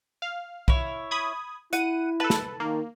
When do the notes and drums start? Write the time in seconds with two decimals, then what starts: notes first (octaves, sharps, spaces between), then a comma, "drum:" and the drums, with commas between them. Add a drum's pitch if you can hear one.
0.22 F5
0.68 E4 C#5, drum: kick B1
1.11 B5 D#6 G#6
1.73 E4 F#5 D#7, drum: hi-hat
2.20 A4 B4 A5
2.30 drum: snare
2.60 D#3 A#3